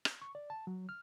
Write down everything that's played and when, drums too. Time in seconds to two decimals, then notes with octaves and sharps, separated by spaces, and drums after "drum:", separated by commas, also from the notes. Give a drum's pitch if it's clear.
0.05 drum: rim click
0.22 C#6
0.35 D5
0.50 A5
0.67 F#3
0.89 F6